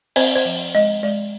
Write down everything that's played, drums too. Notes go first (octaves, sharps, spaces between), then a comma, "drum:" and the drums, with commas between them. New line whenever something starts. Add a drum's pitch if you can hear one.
C4 C5, drum: open hi-hat
C5
F3
G#3 D#5
G#3 D5